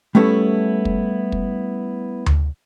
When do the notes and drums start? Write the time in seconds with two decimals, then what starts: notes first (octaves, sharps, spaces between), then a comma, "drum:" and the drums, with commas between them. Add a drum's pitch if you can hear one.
0.15 G3 A3 B3 C#4 E4 A4
0.85 drum: kick
1.32 drum: kick
2.26 drum: tom D2